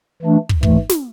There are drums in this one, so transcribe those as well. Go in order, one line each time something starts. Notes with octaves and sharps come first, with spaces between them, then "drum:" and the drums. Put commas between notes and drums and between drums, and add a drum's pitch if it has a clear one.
E3 A3 D4
drum: kick
G#2 E3 A3, drum: kick
drum: snare